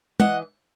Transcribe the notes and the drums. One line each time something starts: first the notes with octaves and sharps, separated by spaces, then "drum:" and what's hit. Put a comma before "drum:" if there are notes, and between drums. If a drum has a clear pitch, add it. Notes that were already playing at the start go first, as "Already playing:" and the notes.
E3 D#5 F#5, drum: tom